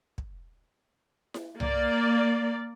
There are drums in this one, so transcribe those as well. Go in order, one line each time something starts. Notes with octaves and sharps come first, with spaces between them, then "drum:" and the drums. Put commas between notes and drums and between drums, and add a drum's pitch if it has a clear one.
drum: kick
drum: snare E4
A#3 D5, drum: tom C2